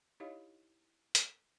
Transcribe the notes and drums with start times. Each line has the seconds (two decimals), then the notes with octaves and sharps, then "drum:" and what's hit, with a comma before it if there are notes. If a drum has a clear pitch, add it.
0.20 D#4 E4 G4 C#5 D#5 F5
1.15 drum: hi-hat